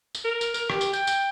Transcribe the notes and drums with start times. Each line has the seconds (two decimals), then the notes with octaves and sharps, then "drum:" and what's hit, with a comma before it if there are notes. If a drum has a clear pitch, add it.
0.15 drum: tambourine
0.25 A#4
0.41 drum: tambourine
0.54 A#4, drum: tambourine
0.70 G4, drum: rim click
0.81 drum: tambourine
0.93 G5, drum: tambourine
1.07 drum: tambourine